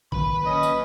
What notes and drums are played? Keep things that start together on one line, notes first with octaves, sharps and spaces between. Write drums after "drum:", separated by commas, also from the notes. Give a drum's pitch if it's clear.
D#3 F#3 A#3 B4 B5, drum: kick A1
C#4 D#5
drum: tambourine